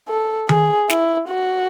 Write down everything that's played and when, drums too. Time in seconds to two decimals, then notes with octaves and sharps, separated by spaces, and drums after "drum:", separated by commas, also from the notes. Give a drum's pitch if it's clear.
0.08 A4
0.49 G#4, drum: tom D#3
0.90 E4, drum: snare
1.29 F#4